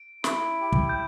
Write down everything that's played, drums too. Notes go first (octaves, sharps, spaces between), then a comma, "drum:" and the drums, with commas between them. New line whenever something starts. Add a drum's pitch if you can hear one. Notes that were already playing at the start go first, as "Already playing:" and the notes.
Already playing: D7
E4, drum: snare
G4
drum: kick
G6